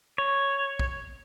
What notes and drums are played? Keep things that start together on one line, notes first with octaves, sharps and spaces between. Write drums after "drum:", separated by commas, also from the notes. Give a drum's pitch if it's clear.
C#5
drum: kick